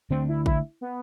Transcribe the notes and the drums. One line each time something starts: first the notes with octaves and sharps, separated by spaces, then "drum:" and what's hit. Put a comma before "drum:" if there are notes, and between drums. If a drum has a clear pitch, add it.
D3 A3 C4 D4
E4
E4, drum: kick A1
B3